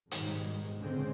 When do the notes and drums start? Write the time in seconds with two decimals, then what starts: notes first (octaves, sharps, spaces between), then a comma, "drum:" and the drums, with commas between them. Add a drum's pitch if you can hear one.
0.11 G#2 B2 D#3 G3 G#3, drum: hi-hat
0.79 C#2 A#2 D3 G#3 C4 C#4